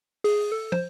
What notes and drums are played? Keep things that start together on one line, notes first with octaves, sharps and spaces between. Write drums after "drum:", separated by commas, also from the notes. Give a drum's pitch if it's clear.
G#4, drum: open hi-hat
A4
C5, drum: tom